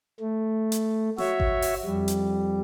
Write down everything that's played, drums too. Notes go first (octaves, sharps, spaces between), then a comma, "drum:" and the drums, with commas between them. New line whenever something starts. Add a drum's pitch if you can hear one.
A3
drum: hi-hat
F#4 C#5 E5, drum: snare
drum: kick G#1
drum: open hi-hat
F2 G3
drum: hi-hat